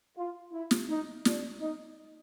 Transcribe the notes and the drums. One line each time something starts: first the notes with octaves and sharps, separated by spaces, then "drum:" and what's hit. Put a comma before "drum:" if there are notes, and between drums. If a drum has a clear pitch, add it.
F4
E4
drum: snare
D#4
D4, drum: snare
D#4